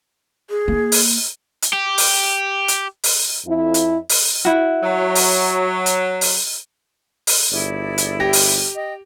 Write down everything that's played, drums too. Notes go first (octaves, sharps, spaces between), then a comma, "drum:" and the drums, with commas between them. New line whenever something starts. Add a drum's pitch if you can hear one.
G#4
A#3 E4
drum: open hi-hat
drum: hi-hat
G4
drum: open hi-hat
drum: hi-hat
drum: open hi-hat
F2 E4
drum: hi-hat
drum: open hi-hat
E4 F#4
F#3
drum: open hi-hat
drum: hi-hat
drum: open hi-hat
drum: open hi-hat
G1 E4 G#4 D5
drum: hi-hat
G4 A#6
drum: open hi-hat
D#5 G5